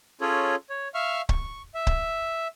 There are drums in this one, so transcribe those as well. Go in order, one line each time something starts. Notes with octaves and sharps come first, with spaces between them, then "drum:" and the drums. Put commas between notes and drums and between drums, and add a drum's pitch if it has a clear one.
C#4 F4 G#4 A4 C#5
C#5
E5 F5 C#6 F6
C#6, drum: kick C#1
E5
drum: kick C#1